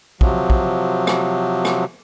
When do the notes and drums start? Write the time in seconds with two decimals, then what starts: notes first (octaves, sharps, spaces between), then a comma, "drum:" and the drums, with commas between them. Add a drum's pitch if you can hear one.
0.21 C3 F3 F#3, drum: kick
0.50 drum: kick
1.07 drum: rim click
1.65 drum: rim click